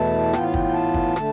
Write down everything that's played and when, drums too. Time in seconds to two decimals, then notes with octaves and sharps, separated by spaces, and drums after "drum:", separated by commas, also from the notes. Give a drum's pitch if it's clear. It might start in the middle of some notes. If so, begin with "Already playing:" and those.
Already playing: E2 B2 A3 E4 A5
0.33 A2 E3 B3 F4 G5, drum: rim click
0.44 F5
0.54 G5, drum: kick
0.64 G5
0.74 A5
0.94 drum: kick
1.16 D3 A3, drum: rim click